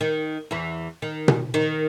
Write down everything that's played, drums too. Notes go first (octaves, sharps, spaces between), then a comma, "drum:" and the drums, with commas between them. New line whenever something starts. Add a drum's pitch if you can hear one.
D#3
E2 E3
D#3
drum: tom B2
D#3